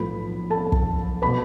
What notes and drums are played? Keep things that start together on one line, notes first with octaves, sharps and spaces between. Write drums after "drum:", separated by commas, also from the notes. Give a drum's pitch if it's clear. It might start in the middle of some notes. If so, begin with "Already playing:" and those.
Already playing: B1 A2 F3 A3 B4 B5
A4 A5
drum: kick
B2 A3 B4 B5